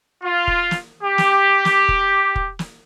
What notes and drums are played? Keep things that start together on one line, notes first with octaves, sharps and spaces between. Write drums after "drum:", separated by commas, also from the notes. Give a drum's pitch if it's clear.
F4
drum: kick
drum: snare
G4
drum: snare
drum: snare
drum: kick
drum: kick
drum: snare